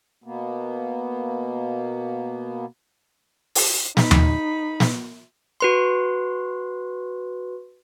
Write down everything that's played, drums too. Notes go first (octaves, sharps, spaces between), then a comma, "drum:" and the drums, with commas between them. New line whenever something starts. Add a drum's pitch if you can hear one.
B2 A#3 B3
drum: open hi-hat
D#4 B5, drum: snare
drum: tom D#2
drum: snare
F#4 B4 C6